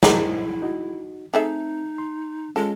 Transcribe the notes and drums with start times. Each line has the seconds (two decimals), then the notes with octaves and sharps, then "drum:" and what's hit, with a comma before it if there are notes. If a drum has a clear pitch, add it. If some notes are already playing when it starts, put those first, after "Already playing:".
0.03 D3 F#3 E4 A#4 C5 D#5 B5, drum: snare
0.62 D#4 F#4
1.34 A3 C4 D#4 G#4 E5
1.98 C6
2.56 G#3 C#4 F4 G#4 A4